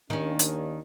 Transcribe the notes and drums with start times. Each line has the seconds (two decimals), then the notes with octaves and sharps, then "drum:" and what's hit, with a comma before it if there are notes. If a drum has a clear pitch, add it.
0.10 D#2 D#3 C#4 D4
0.39 drum: hi-hat